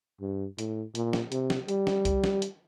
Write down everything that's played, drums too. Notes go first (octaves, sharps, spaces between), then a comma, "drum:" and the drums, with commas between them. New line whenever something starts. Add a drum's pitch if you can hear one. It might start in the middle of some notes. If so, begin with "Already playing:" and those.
G2
A2, drum: hi-hat
A#2, drum: hi-hat
drum: snare
C3, drum: hi-hat
drum: snare
G3, drum: hi-hat
drum: snare
drum: kick C2, hi-hat
drum: snare
drum: hi-hat